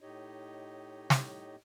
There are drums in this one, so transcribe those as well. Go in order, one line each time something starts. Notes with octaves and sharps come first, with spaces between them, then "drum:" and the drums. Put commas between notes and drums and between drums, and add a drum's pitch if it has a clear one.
A2 D#4 G4 C#5 D#5
drum: snare